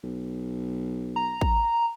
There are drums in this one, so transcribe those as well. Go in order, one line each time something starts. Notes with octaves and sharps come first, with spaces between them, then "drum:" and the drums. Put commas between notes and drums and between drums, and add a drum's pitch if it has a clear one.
B1
A#5
drum: kick A1